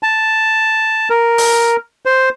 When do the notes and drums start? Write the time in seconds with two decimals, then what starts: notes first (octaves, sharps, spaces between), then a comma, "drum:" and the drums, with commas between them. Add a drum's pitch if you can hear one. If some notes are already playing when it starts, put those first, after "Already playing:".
0.03 A5
1.10 A#4
1.38 drum: open hi-hat
2.05 C5